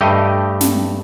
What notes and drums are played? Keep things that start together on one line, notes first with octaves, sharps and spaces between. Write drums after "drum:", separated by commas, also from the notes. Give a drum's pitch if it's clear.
G2 A3 G4 D#5
drum: snare